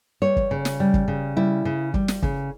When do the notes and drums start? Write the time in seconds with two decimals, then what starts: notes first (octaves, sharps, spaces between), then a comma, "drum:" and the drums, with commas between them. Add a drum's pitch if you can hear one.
0.22 G3 C#5
0.36 drum: kick
0.51 C#3
0.65 drum: snare
0.80 G3
0.94 drum: kick
1.08 C#3
1.37 G3 E4
1.65 C#3
1.94 G3, drum: kick
2.08 drum: snare
2.22 C#3, drum: kick